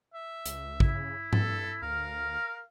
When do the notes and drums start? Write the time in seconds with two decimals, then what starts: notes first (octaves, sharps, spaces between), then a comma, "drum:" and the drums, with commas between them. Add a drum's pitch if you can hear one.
0.14 E5
0.46 C#2, drum: hi-hat
0.80 C#3 E4, drum: kick
1.33 G2 A4, drum: tom G#2
1.82 D2 A#4 F5